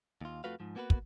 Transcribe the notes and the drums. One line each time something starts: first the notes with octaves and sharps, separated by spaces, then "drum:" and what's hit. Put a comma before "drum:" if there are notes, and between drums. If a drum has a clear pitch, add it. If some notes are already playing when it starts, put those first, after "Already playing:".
D#2 F4
F2 A3 F4 F#4 B4 F5
G#2 F3
A#3 B3 F#4 A4 B4
drum: kick